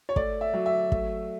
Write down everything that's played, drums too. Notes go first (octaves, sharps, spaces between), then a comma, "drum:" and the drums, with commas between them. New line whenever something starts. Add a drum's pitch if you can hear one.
C#5
A3 D5, drum: kick
E5
F#3
E5
A3, drum: kick